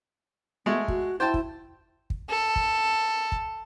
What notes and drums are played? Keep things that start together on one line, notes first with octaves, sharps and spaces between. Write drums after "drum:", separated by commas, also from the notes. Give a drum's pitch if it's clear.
G#3 A3 B3
F#4, drum: kick
E4 C5 G5 A5
drum: kick
drum: kick
A4
drum: kick
drum: kick